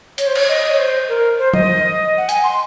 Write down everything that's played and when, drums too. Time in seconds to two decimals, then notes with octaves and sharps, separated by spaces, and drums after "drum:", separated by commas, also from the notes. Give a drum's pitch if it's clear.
0.18 C#5, drum: hi-hat
0.27 C5
0.35 C#5, drum: cymbal
0.48 D#5
0.70 C#5
0.79 C5
1.09 A#4
1.38 C5
1.54 D#5, drum: tom F#3
2.18 F#5
2.29 G#5, drum: hi-hat
2.43 C6